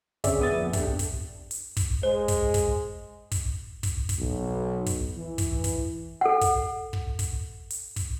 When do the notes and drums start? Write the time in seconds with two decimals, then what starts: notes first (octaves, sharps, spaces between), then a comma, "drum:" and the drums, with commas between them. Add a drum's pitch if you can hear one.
0.24 D3 C4 C#4 G#4 D5 E5, drum: kick, hi-hat
0.40 B3 D#6 A6
0.52 F2 A#3 B3
0.73 D4 G4 A4, drum: kick, hi-hat
0.99 drum: kick, hi-hat
1.51 drum: hi-hat
1.77 drum: kick, hi-hat
2.03 G#3 C5
2.28 drum: kick, hi-hat
2.54 drum: kick, hi-hat
3.31 drum: kick, hi-hat
3.83 drum: kick, hi-hat
4.09 drum: kick, hi-hat
4.19 B1
4.86 drum: kick, hi-hat
5.17 E3
5.38 drum: kick, hi-hat
5.64 drum: kick, hi-hat
6.21 A4 F#5
6.41 drum: kick, hi-hat
6.93 drum: kick
7.19 drum: kick, hi-hat
7.70 drum: hi-hat
7.96 drum: kick, hi-hat